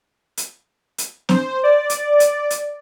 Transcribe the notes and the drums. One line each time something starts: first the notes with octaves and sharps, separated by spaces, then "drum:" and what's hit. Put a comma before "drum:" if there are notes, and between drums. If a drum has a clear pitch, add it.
drum: hi-hat
drum: hi-hat
C5, drum: snare C4
D5
drum: hi-hat
drum: hi-hat
drum: hi-hat